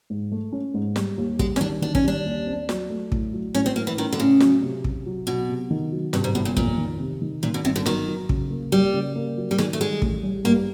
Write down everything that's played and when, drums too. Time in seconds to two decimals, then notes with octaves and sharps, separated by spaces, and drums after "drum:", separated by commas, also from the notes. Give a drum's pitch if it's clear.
0.10 G#2
0.32 A3
0.52 C#4
0.74 G#2
0.96 G3, drum: snare
1.18 D#2
1.39 G3 G#3, drum: kick
1.56 C#4, drum: snare
1.61 D#3 D4
1.82 D#3 D4
1.95 C#4, drum: kick
2.04 G3 D4
2.26 D#2
2.47 C4
2.69 F#3, drum: snare
2.90 A3
3.12 A2, drum: kick
3.33 F#3
3.55 A2 C#4
3.66 C4
3.76 A2 A#3
3.87 E3
3.98 D#3 C#4
4.13 D3
4.20 A2 C#3
4.40 F#3, drum: snare
4.63 C3
4.84 C3, drum: kick
5.06 F#3
5.27 B2 F#3
5.49 C3
5.70 D#3
5.92 F#3
6.13 G2 C3, drum: snare
6.24 G#2
6.35 G1 A2
6.45 A#2
6.57 F2 A#2, drum: kick
6.78 D#3
7.00 C3
7.21 D#3
7.43 A#2 D#3
7.54 B2
7.64 G1 C3
7.76 D3
7.86 D#3 F#3, drum: snare
8.08 F#3
8.29 C#3, drum: kick
8.51 A#3
8.72 G3 A#3
8.94 C#3
9.16 A#3
9.37 F#3
9.51 G3
9.58 D#3 G#3, drum: snare
9.73 A3
9.80 G3 G#3
10.02 A1, drum: kick
10.23 G3
10.45 G2 A#3